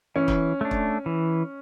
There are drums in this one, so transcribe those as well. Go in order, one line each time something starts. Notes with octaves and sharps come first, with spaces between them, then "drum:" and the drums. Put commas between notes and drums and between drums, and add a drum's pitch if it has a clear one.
E3 C#4
drum: kick
A3 D4
drum: kick
E3